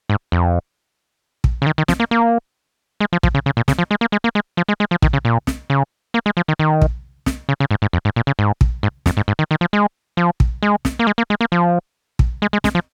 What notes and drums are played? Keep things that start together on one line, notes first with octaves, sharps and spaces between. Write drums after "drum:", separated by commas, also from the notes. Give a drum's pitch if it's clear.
G#2
F2
drum: kick
C#3
D#3
D#3
F3, drum: snare
A#3
A#3
G#3
F3
F3, drum: kick
C#3
C#3
A#2
C#3, drum: snare
F3
G#3
A#3
G#3
A#3
G#3
F3
G#3
G#3
F3
D#3, drum: kick
C#3
A#2
drum: snare
C#3
A#3
G#3
F3
D#3
D#3
drum: kick
drum: snare
C#3
C#3
G#2
G#2
F2
G#2
A#2
C#3
G#2
drum: kick
G#2
F2, drum: snare
G#2
G#2
D#3
D#3
F3
G#3
F3
drum: kick
G#3
drum: snare
A#3
G#3
A#3
G#3
A#3
F3
drum: kick
G#3
G#3
G#3, drum: snare
F3